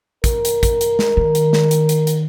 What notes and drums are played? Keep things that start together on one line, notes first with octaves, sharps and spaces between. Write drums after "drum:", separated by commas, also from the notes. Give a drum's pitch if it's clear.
A#4, drum: kick, hi-hat
drum: hi-hat
drum: kick, hi-hat
drum: hi-hat
drum: snare
D#3
drum: hi-hat
drum: snare
drum: hi-hat
drum: hi-hat
drum: hi-hat